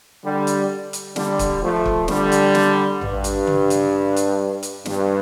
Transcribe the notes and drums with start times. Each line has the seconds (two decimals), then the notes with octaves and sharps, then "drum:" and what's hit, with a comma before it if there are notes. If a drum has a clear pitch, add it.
0.24 D3 G3
0.47 drum: hi-hat
0.93 drum: hi-hat
1.16 D3 G3, drum: snare
1.39 drum: kick, hi-hat
1.62 F3 A3
1.86 drum: kick
2.08 D3 G3, drum: snare
2.32 drum: hi-hat
2.55 drum: snare
3.01 G2, drum: tom A1
3.24 drum: hi-hat
3.47 drum: tom C#3
3.70 drum: hi-hat
4.16 drum: hi-hat
4.63 drum: hi-hat
4.86 G2, drum: snare